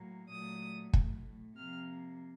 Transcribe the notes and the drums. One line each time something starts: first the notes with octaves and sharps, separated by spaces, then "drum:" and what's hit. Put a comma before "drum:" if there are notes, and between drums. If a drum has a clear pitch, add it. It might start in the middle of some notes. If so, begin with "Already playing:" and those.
Already playing: A2 F#3 A#3
A#2 F#3 A3 D#6
A2 A3, drum: kick
C3 F3 A#3 F6